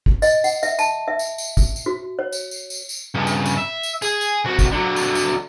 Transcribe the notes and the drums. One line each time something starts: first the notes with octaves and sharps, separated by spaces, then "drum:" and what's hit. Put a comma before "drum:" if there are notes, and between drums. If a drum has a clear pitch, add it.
drum: kick
D#5, drum: tambourine
F#5, drum: tambourine
E5, drum: tambourine
A5, drum: tambourine
E5
drum: tambourine
drum: tambourine
drum: kick, tambourine
drum: tambourine
F#4
C#5
drum: tambourine
drum: tambourine
drum: tambourine
drum: tambourine
G2 C#3
drum: tambourine
drum: tambourine
E5
drum: tambourine
G#4, drum: tambourine
drum: tambourine
C2 F#4
drum: kick, tambourine
D3 F#3
drum: tambourine
drum: tambourine